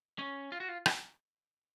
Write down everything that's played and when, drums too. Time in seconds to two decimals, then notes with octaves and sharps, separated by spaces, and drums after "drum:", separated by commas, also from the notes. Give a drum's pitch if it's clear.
0.19 C#4
0.52 F4
0.60 F#4
0.69 F4
0.86 drum: rim click